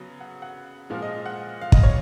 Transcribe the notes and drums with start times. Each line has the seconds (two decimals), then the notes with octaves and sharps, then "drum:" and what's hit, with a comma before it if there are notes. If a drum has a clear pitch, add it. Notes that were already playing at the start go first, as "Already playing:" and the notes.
Already playing: C#3 F#3 B3
0.20 F#5
0.42 F#5
0.90 A#2 F3 G#3 F5
1.02 D#5
1.26 F#5
1.62 F5
1.72 D#5, drum: kick
1.83 C#5